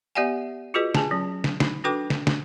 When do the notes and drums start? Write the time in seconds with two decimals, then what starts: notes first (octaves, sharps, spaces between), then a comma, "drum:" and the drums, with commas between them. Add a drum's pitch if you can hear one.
0.15 B3 G4 D5 E5 F#5 G#5
0.74 F4 F#4 G#4 B4 D#5
0.95 G#4 G#5 A5, drum: snare
1.11 F#3 C#4
1.44 drum: snare
1.60 D#4, drum: snare
1.84 D4 F#4 A4 B4 G5 D6
2.10 drum: snare
2.27 drum: snare